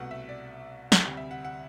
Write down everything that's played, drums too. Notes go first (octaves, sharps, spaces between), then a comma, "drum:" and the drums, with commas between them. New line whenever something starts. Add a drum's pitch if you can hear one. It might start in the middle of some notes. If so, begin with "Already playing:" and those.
Already playing: C2 B2 A3 F#5
E5
D5
drum: snare
D2 C3 G3
E5
F#5
F#5